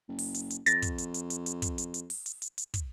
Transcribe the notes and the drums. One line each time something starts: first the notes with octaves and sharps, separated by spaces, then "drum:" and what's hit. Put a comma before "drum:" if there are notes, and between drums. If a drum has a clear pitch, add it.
F#1
drum: open hi-hat
drum: hi-hat
drum: hi-hat
F2 A6 A#6, drum: hi-hat
drum: kick, hi-hat
drum: hi-hat
drum: hi-hat
drum: hi-hat
drum: hi-hat
drum: kick, hi-hat
drum: hi-hat
drum: hi-hat
drum: open hi-hat
drum: hi-hat
drum: hi-hat
drum: hi-hat
drum: kick, hi-hat